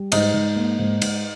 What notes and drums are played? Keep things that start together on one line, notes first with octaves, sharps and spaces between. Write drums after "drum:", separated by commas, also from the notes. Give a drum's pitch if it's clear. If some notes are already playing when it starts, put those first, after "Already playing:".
Already playing: G3
G#2 D#4 D#5, drum: cymbal
G#2
A#3
G#2
G#2, drum: cymbal